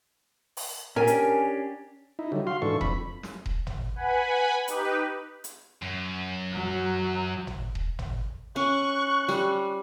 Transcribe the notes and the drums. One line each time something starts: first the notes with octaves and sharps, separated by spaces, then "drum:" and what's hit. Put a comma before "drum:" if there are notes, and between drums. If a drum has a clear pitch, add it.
drum: open hi-hat
C#4 D4 G4 A#4 G#5
drum: hi-hat
D#4 E4
D3 F#3 G3
F#4 F5 C6
G#2 E3 D4 A4 C#6
F2 B5, drum: kick D#1
drum: snare
drum: kick D#1
drum: tom G#1
B4 F#5 G#5 B5
D#4 G4 B4, drum: hi-hat
drum: hi-hat
F#2
F#3
drum: tom G#1
drum: kick D#1
drum: tom G#1
C#4 C#6 F#6
G3, drum: snare